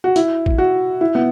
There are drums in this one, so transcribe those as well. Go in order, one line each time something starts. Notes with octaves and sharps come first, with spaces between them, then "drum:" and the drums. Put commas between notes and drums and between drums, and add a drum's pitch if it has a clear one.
F#4
E4, drum: hi-hat
drum: kick
F#4
E4
B3